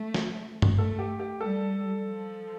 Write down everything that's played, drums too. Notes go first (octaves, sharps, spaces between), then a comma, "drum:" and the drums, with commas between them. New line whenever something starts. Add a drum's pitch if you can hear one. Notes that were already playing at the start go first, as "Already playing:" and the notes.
Already playing: A3
drum: snare
drum: tom G2
A3 A4
G4
G4
G3 A4
F3